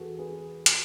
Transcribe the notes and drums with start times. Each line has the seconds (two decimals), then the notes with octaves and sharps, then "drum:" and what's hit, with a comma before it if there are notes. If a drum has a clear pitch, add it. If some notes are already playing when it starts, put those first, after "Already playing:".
Already playing: E2 F#4 G#4 A4 B4
0.19 G#4 B4
0.66 drum: hi-hat